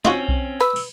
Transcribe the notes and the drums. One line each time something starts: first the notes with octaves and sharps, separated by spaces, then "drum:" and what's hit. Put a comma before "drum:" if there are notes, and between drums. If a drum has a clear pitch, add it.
C4 C#4 D#4 F4 F#4, drum: snare
drum: kick B1
B4 E6
drum: open hi-hat